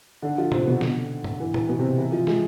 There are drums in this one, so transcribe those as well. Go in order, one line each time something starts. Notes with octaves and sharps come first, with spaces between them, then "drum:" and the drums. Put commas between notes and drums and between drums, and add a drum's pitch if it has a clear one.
D3 D4
F3 F4
C3 C4, drum: tom A2
B2 B3
D3, drum: snare
drum: tom G#2
E3
E3, drum: tom A2
B2 B3
C3 C4
E3 E4
F3 F4
G#3 G#4, drum: snare